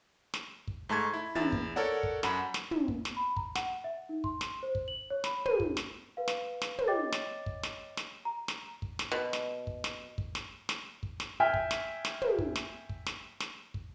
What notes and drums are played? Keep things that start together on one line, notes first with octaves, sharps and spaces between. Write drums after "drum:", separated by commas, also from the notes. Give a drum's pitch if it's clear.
drum: snare
drum: kick
G#2 A3 A5 C#6 G#6
E4
E2 E4 E5 A6, drum: tom
drum: kick
A4 A#4 C#5 D5 F#5
drum: kick
F#2 F#5 B5, drum: snare
drum: snare
drum: tom
drum: kick
drum: snare
B5
A#5, drum: kick
F#5, drum: snare
E5
D#4
C6, drum: kick
C6, drum: snare
C5
drum: kick
F#7
C#5
B5, drum: snare
D#7, drum: tom
drum: kick
drum: snare
B4 F5
drum: snare
drum: snare
drum: tom
C#5 D#5 G5 D6 A6
drum: snare
drum: kick
drum: snare
drum: snare
A#5
drum: snare
drum: kick
drum: snare
B2
drum: snare
drum: kick
drum: snare
drum: kick
drum: snare
drum: snare
drum: kick
drum: snare
E5 G5 G#5 F6
drum: kick
drum: snare
drum: snare
drum: tom
drum: kick
drum: snare
drum: kick
drum: snare
drum: snare
drum: kick